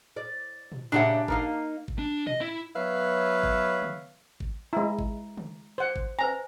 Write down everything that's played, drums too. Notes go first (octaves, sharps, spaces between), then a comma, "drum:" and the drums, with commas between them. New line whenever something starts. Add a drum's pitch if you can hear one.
D5
drum: tom
A#2 C#3 D4 G4 E5 F#5
A#3 D#4 F5, drum: kick G#1
drum: kick G#1
D4
D#5, drum: tom
E4
F#3 B3 B4 C#5 E5 F5
drum: kick G#1
drum: tom
drum: kick G#1
G#3 E4 A#5
drum: kick G#1
drum: tom
C5 F#5
drum: kick G#1
B4 C5 G#5 A#5